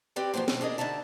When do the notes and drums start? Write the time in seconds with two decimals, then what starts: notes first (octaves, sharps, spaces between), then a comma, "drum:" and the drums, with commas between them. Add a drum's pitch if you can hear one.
0.16 C4 G4 B4 D5 G5
0.34 F3 F#3 A3 A#3 C5
0.48 D#2 B2, drum: snare
0.61 D4 G#4 A#4 D#5
0.78 D3 D#4 D5 E5 A5